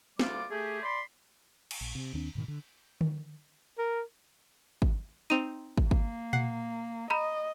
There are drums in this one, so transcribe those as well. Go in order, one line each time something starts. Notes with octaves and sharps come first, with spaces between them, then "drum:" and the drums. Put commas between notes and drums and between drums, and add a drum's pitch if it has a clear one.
D2 G3 A#3 F4 D6, drum: snare
A3 G4 G#4
D5 B5 C6
drum: cymbal
A#1
C3
D#2 D#3 C4 D4
G#2 B2 D#3
D3
drum: tom D3
A#4
drum: kick
C4 D#4 D#7 F7
drum: kick
A#3, drum: kick
F#5 C7, drum: tom A#2
D#5 A#5 B5